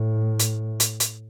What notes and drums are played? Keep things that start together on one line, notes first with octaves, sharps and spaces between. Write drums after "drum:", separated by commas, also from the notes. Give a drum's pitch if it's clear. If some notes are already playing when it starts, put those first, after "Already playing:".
Already playing: A2
drum: hi-hat
drum: hi-hat
drum: hi-hat